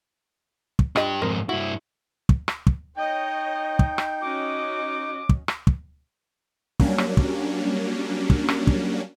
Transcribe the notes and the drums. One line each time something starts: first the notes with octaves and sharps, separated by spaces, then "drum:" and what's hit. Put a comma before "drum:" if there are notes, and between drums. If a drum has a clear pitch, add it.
drum: kick
D4 F4 G4 D#5, drum: rim click
F2 G#2 C4 A#4 C5
G2 E4 F#4
drum: kick
drum: rim click
drum: kick
D#4 C#5 D#5 G5
drum: kick
drum: rim click
C#4 F#4 D#5 D6
drum: kick
drum: rim click
drum: kick
F#3 G3 A#3 C#4 D4, drum: kick
drum: rim click
drum: kick
drum: kick
drum: rim click
drum: kick